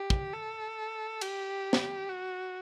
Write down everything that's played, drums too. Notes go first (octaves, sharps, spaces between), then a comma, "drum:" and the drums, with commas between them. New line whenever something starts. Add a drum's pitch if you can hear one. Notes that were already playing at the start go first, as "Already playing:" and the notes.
Already playing: G4
drum: kick
A4
G4, drum: cymbal
drum: snare
F#4